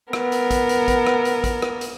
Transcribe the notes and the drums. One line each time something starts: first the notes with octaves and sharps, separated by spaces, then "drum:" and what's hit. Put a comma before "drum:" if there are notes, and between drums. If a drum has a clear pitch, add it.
B3 A#4, drum: rim click
drum: hi-hat
drum: kick A1, hi-hat
drum: hi-hat
drum: kick A1, hi-hat
drum: rim click
drum: hi-hat
drum: kick A1, hi-hat
drum: rim click
drum: hi-hat